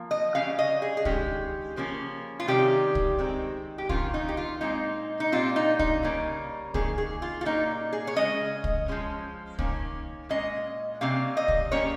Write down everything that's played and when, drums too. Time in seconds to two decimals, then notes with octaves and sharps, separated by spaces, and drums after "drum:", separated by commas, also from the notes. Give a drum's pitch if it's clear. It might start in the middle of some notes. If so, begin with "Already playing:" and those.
Already playing: F3 A#3
0.11 D#5
0.34 C#3 G3 C#4 F5
0.59 D#5
0.82 G#4
0.97 G#4
1.05 D#3 G#3 C#4 G4, drum: kick
1.76 C#3 F3 A#3 C#4
2.40 F4
2.48 C3 D#3 G3 C#4 G4
2.95 drum: kick
3.19 D#3 G#3 C4
3.78 G4
3.89 D#3 A#3 C#4 F4, drum: kick
4.14 D#4
4.29 G4
4.37 F4
4.61 A#2 G#3 C4 D#4
5.20 D#4
5.32 A#2 G3 C4 F4
5.56 D#4
5.79 D#4, drum: kick
6.03 C#3 G3 A#3 C#4
6.74 D#3 A#3 C#4 G#4, drum: kick
6.98 G#4
7.22 F4
7.41 F4
7.45 A#2 G3 A#3 C#4 D#4
7.93 G#4
8.07 C#5
8.16 C#3 G#3 C#4 D#5
8.64 drum: kick
8.88 F3 G#3 C#4
9.59 D#3 A#3 C#4, drum: kick
10.29 A#2 G#3 C#4 D#5
11.01 C3 G3 A#3 C#4 F5
11.37 D#5
11.48 drum: kick
11.72 C#3 G3 A#3 C#4 C#5